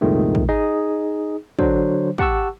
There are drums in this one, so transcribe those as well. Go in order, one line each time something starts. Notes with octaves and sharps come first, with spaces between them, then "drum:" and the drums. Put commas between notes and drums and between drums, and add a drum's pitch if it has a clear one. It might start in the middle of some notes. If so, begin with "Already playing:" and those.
C2 F2 A#2 D#3 G#3 A3
drum: kick
D#4 G#4 D#5
D3 F#3 D4 C5, drum: kick
G4 F#5 A5 C#6 E6, drum: kick